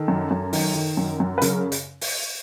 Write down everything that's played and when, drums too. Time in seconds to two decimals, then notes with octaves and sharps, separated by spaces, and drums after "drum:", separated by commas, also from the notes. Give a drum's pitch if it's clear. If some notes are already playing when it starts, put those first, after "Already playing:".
Already playing: D#3 A4
0.08 F#2
0.31 F#2
0.53 D#3, drum: open hi-hat
0.75 D#3
0.97 F#2
1.20 F#2
1.38 B4
1.42 C#3 A#4, drum: hi-hat
1.72 drum: hi-hat
2.01 drum: open hi-hat